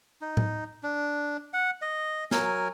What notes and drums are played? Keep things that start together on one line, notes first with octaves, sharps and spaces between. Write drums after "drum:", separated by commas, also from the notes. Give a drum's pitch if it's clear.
D#4
drum: tom A2
D4
F#5
D#5
F#3 A#4 G#5, drum: snare